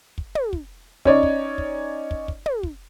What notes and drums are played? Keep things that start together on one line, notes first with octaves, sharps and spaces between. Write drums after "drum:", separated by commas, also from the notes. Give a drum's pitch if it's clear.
drum: kick
drum: tom
drum: kick
C#4 D#4 C#5 D5, drum: kick
drum: kick
drum: kick
drum: kick
drum: kick
drum: tom
drum: kick